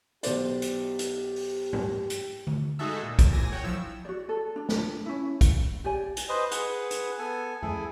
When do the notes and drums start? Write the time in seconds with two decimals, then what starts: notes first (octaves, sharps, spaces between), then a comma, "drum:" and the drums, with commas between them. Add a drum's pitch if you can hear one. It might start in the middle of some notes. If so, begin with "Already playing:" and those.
0.23 B1 G4 C5 D5, drum: hi-hat
0.62 drum: hi-hat
0.99 drum: hi-hat
1.36 drum: open hi-hat
1.73 drum: tom G#2
2.10 drum: hi-hat
2.47 drum: tom D3
2.79 G#3 D#4 F#4 G#4 A4 E5
3.04 A#2
3.19 A2 E6, drum: kick, hi-hat
3.33 A1 E2 A#2 G#5 A#6
3.52 F#4 C#5 G5
3.64 G1 F3 F#3 E4 E6
4.05 F#4 D5
4.29 A4
4.56 D4
4.69 drum: snare
5.06 C#4 E4
5.41 F#5, drum: kick, hi-hat
5.84 G4 D5 G#5
6.17 drum: hi-hat
6.29 B4 C5 D#5
6.51 G#4 B4 F#5, drum: hi-hat
6.91 drum: hi-hat
7.19 B3 A4 G#5
7.63 E4 G#4 A4 G#5, drum: tom F2